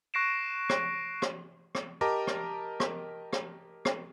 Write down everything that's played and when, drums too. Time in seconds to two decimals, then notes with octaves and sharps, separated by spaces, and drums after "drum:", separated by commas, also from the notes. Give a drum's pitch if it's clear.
0.14 C#6 F#6 A#6 C7 D7 E7
0.69 drum: rim click
1.22 drum: rim click
1.75 drum: rim click
2.01 G4 A#4 D#5 A5 A#5 D6
2.27 drum: rim click
2.80 drum: rim click
3.33 drum: rim click
3.85 drum: rim click